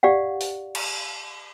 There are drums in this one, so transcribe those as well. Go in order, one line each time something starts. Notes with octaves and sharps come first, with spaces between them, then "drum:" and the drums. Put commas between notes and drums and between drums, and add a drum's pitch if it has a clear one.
G4 D5 F5 F#5
drum: open hi-hat
drum: cymbal